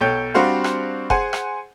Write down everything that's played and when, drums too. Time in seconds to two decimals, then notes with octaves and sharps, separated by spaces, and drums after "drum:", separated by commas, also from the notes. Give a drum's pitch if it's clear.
0.01 B1 A4 C#5 G5 G6
0.34 G3 C4 D4 F#4 C5 F5
0.64 drum: rim click
1.10 G#4 C5 F#5 G#5, drum: kick F1
1.33 drum: rim click